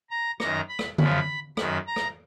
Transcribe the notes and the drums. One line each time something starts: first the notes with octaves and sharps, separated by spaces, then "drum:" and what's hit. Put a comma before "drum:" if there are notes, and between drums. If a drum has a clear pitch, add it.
A#5
F#2 D#3 A#5, drum: rim click
B5
drum: rim click
F#2 C#3 F3 B5, drum: tom D3
F#2 D#3 B5, drum: rim click
A#5
drum: rim click